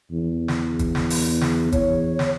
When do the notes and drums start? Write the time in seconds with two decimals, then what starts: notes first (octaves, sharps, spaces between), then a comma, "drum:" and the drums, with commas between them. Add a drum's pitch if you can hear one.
0.11 E2
0.48 drum: snare
0.79 drum: kick, hi-hat
0.95 drum: snare
1.10 drum: open hi-hat
1.41 drum: snare
1.72 E2 C#5, drum: kick, hi-hat
2.19 drum: snare